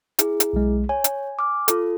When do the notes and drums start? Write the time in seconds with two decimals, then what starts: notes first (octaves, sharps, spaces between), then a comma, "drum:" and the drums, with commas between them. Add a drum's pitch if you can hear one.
0.19 E4 G#4, drum: hi-hat
0.40 drum: hi-hat
0.53 B1 G#3
0.89 C#5 G#5
1.04 drum: hi-hat
1.39 D6 F6
1.68 F4 A4, drum: hi-hat